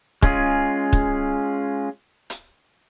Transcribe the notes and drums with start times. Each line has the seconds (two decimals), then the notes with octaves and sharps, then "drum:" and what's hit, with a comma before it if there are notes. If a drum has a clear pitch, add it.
0.22 G#3 C#4 F4 G#4, drum: kick
0.93 drum: kick
2.30 drum: hi-hat